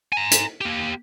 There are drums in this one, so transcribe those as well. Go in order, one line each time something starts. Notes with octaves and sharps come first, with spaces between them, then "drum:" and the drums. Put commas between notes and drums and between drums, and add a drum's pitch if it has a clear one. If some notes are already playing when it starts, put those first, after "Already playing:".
G#5 A#5
drum: hi-hat
A#3 G4